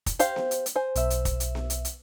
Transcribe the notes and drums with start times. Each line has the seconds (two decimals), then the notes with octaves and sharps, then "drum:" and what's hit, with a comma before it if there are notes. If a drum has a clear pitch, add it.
0.06 drum: kick, hi-hat
0.19 G4 C5 F5, drum: hi-hat
0.36 drum: snare B3
0.51 drum: hi-hat
0.66 drum: hi-hat
0.76 C5 G#5
0.95 B1 E5, drum: hi-hat
1.10 drum: hi-hat
1.25 drum: kick, hi-hat
1.40 drum: hi-hat
1.55 drum: snare B3
1.70 drum: hi-hat
1.85 drum: hi-hat